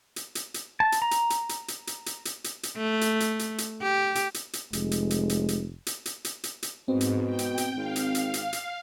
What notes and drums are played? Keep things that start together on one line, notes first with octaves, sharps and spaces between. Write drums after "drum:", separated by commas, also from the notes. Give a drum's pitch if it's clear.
drum: hi-hat
drum: hi-hat
drum: hi-hat
A5
drum: hi-hat
A#5
drum: hi-hat
drum: hi-hat
drum: hi-hat
drum: hi-hat
drum: hi-hat
drum: hi-hat
drum: hi-hat
drum: hi-hat
drum: hi-hat
A3
drum: hi-hat
drum: hi-hat
drum: hi-hat
drum: hi-hat
G4
drum: hi-hat
drum: hi-hat
drum: hi-hat
F1 G#3, drum: hi-hat
drum: hi-hat
drum: hi-hat
drum: hi-hat
drum: hi-hat
drum: hi-hat
drum: hi-hat
drum: hi-hat
drum: hi-hat
drum: hi-hat
G#2 B2 C4
drum: hi-hat
G5
drum: hi-hat
drum: hi-hat
G#1 F5
drum: hi-hat
drum: hi-hat
drum: hi-hat
drum: hi-hat